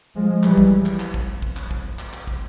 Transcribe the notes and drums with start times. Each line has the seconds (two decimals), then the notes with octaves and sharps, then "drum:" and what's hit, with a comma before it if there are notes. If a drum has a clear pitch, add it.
0.15 F3 G#3
0.43 E3 G3, drum: clap
0.57 drum: kick
0.86 drum: clap
1.00 drum: clap
1.14 drum: kick
1.42 drum: kick
1.57 drum: clap
1.71 drum: kick
1.99 drum: clap
2.13 drum: clap
2.27 drum: kick